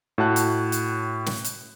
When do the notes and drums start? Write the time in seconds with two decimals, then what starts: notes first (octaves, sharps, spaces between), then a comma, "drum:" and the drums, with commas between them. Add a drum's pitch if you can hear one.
0.18 A2 F#4 A5 F#6
0.36 drum: hi-hat
0.72 drum: hi-hat
1.26 drum: snare
1.44 drum: hi-hat